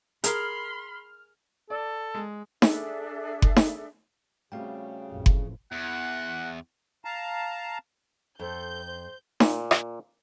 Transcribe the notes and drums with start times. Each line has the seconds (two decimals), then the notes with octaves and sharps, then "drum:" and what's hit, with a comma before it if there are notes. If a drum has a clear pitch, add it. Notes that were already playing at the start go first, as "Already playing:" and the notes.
0.24 G#4 A#4 B5 C6 F6, drum: hi-hat
1.70 A4 D5
2.15 G#3
2.62 D4 G#4 A4 E5, drum: snare D#4
3.42 drum: kick F#1
3.56 drum: snare D#4
4.52 C#3 G3 A3 C4 F#4 F5 G5
5.10 A1 F2
5.26 drum: kick F#1
5.72 E2 F#5
7.05 F5 A5 A#5
8.39 F2 A4 C5 G6
8.85 C5
9.40 A#2, drum: snare D#4
9.71 drum: rim click